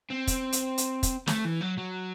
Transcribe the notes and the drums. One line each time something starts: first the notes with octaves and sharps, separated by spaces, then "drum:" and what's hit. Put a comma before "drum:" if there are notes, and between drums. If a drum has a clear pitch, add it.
C4
drum: kick, hi-hat
drum: hi-hat
drum: hi-hat
drum: kick, hi-hat
A3, drum: snare
E3
F#3
F#3